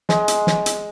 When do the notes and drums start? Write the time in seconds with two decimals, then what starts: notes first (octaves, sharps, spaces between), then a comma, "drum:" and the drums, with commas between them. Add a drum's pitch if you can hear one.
0.09 G#3, drum: snare
0.28 drum: hi-hat
0.47 drum: snare
0.66 drum: hi-hat